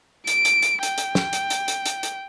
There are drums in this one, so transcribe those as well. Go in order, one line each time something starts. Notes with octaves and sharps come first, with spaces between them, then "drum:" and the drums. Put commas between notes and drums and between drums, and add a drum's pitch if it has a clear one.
D7, drum: hi-hat
drum: hi-hat
drum: hi-hat
G5, drum: hi-hat
drum: hi-hat
drum: snare
drum: hi-hat
drum: hi-hat
drum: hi-hat
drum: hi-hat
drum: hi-hat